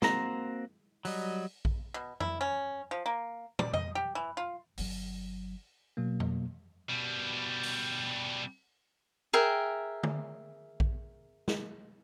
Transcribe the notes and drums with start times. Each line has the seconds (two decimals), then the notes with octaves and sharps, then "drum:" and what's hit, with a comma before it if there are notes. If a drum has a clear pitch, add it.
0.02 A#3 C4 F#4 A#5, drum: snare
1.05 F#3 G3 D#5, drum: open hi-hat
1.65 drum: kick A#1
1.94 B2
2.20 E4, drum: tom F2
2.41 C#4
2.91 F3
3.06 A#3
3.59 D5, drum: tom
3.73 D#5, drum: tom F2
3.95 G4
4.15 E3
4.37 F4
4.78 G1 F#3, drum: open hi-hat
5.97 B2 F#3 A#3
6.20 drum: tom F2
6.90 B2 G3
7.63 drum: open hi-hat
9.33 G#4 A#4 E5 G5
10.03 drum: tom
10.80 drum: kick A#1
11.48 drum: snare